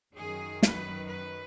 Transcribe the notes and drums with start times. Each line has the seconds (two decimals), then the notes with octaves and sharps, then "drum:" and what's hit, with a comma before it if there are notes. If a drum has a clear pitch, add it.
0.15 F#2 D#3 F#3 G#4
0.63 B4, drum: snare
1.09 B4